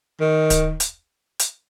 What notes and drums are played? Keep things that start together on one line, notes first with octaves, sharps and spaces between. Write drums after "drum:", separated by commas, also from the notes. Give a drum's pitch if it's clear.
D#3
drum: kick D1, hi-hat
drum: hi-hat
drum: hi-hat